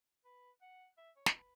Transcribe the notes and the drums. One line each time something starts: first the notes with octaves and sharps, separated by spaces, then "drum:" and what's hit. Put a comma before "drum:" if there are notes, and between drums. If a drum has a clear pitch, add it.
B4
F#5
E5
C#5
drum: snare
B4